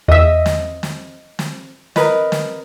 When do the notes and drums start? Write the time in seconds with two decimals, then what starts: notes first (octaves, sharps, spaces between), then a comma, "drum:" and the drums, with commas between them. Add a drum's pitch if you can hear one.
0.08 E2 D#5 E5
0.46 drum: snare
0.83 drum: snare
1.39 drum: snare
1.96 A#4 B4 D#5, drum: snare
2.32 drum: snare